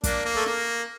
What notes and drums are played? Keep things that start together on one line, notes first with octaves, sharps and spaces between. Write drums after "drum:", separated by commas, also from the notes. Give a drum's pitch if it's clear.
A#3 D4, drum: kick, hi-hat
A#3
A3
A#3, drum: snare